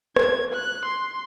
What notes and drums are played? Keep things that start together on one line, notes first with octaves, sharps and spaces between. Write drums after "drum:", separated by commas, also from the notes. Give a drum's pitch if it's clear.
G#6, drum: rim click
F#6
C6